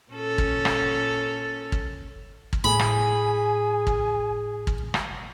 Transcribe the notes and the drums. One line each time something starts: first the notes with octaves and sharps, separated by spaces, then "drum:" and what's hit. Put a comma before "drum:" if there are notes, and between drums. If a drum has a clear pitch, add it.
A#2 C#4 A4
drum: kick
drum: rim click
drum: kick
drum: kick
A2 G#4 G#5 B5
drum: rim click
drum: kick
drum: kick
drum: rim click